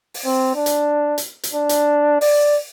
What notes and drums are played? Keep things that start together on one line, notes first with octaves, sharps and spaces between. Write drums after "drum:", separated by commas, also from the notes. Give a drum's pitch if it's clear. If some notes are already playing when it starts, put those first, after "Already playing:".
drum: open hi-hat
C4
D4
drum: hi-hat
drum: hi-hat
drum: hi-hat
D4
drum: hi-hat
D5, drum: open hi-hat